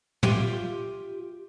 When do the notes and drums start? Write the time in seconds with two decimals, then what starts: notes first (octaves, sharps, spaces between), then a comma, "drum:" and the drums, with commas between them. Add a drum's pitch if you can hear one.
0.23 F4 G4 E5 G5, drum: tom